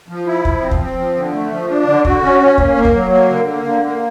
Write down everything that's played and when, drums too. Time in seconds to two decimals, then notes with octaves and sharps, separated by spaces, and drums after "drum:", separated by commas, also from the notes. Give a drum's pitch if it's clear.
0.09 F3
0.27 E4
0.45 F3, drum: kick
0.62 C4
0.71 drum: kick
0.81 C4
0.98 F3
1.16 D3
1.34 A3
1.51 F3
1.69 D4
1.87 D3
2.05 F#4, drum: kick
2.23 C#4
2.40 C#4
2.58 A#3, drum: kick
2.76 A#3
2.85 drum: kick
2.94 F#3
3.11 A#3
3.30 D3
3.48 A#3
3.65 D3
3.82 A#3